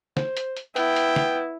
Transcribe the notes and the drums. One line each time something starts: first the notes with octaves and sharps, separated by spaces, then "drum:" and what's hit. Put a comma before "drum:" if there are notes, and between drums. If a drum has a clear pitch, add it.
C5, drum: snare
drum: hi-hat
drum: hi-hat
B3 E4 G5, drum: hi-hat
drum: hi-hat
drum: snare